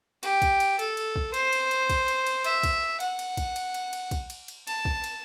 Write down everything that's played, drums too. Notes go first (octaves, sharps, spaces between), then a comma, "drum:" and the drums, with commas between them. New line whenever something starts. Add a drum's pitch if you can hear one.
G4, drum: cymbal
drum: kick, cymbal
drum: cymbal
A4, drum: cymbal
drum: cymbal
drum: kick
C5, drum: cymbal
drum: cymbal
drum: cymbal
drum: kick, cymbal
drum: cymbal
drum: cymbal
E5, drum: cymbal
drum: kick, cymbal
F#5, drum: cymbal
drum: cymbal
drum: kick, cymbal
drum: cymbal
drum: cymbal
drum: cymbal
drum: kick, cymbal
drum: cymbal
drum: cymbal
A5, drum: cymbal
drum: kick
drum: cymbal